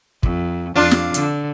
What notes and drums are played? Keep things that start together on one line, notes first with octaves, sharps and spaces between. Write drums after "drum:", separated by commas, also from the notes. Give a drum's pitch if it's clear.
F2, drum: kick
F2 D4 F4
drum: snare
D3, drum: hi-hat